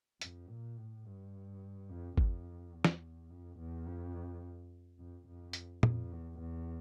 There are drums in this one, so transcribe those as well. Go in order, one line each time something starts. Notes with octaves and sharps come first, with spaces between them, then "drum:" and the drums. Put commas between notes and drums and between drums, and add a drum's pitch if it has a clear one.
F2, drum: hi-hat
A#2
A2
G2
F2
F2, drum: kick G#1
E2
drum: snare
F2
E2
F2
F2
F2
drum: hi-hat
F2, drum: tom
E2
E2